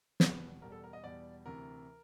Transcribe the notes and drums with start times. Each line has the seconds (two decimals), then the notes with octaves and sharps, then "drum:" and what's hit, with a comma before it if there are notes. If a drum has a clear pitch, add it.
0.20 E2 B2 G3 B4, drum: snare
0.62 E2 B2 G3 A#4
0.72 A4
0.84 A#4
0.93 D#5
1.04 E2 B2 G3 D5
1.46 D2 C3 E3 A#4